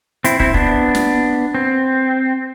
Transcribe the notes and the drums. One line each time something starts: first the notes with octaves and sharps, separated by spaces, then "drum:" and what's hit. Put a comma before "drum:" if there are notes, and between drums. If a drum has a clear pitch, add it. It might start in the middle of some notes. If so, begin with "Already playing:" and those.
C4 E4, drum: hi-hat
C4 E4, drum: kick
B3 D4, drum: kick
drum: snare
C4